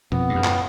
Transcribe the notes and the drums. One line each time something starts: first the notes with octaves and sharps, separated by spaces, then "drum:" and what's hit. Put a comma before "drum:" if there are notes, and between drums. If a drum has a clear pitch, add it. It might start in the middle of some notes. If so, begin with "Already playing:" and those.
F2 B3, drum: tom B2
G2
F#2 C#3
A2, drum: clap